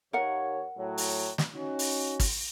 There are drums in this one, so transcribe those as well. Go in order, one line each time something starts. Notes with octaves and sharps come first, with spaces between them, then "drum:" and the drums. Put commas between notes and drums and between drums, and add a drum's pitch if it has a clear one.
D#2 A#4 C#5 F#5
A2 F#3
drum: open hi-hat
drum: snare
C#4 D#4 F#4
drum: open hi-hat
drum: kick, open hi-hat